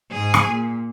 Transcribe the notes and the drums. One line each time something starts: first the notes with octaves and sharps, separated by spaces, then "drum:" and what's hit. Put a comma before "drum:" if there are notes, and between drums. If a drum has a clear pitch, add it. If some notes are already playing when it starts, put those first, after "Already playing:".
G#2 G#4
drum: rim click
A#2